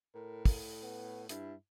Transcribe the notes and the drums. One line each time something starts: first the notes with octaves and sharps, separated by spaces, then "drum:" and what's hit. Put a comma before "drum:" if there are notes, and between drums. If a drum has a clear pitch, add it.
A2 A#4
drum: kick, open hi-hat
B3
G2 E4, drum: hi-hat